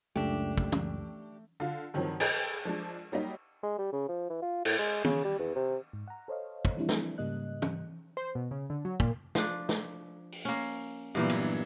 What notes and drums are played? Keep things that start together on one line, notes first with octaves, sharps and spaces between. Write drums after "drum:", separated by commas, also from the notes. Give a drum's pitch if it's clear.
C#2 F#2 A3 D4 G4
drum: kick
drum: tom
D3 F4
G2 D#3 F3 F#3 C4
G#4 A4 B4 D#5 G5 G#5, drum: cymbal
F3 G#3 D4
F#3 G3 A#3 D#4
G#3
G3
C#3
F3
E3
F4
A2, drum: cymbal
G#3
C#3, drum: tom
G3
E2
C3
G#2
F#5 A#5
A4 C5 C#5 D#5 F5
drum: kick
E3 F3 G3 C4 D4 E4
drum: snare
G#2 C#3 G3 A#3 D#5 F#6
drum: tom
C5
B2
C#3
D3
F#3
A#2, drum: kick
F3 D4, drum: snare
drum: snare
drum: open hi-hat
A#3 C#4
G2 A#2 E3 F#3 A#3 B3
drum: cymbal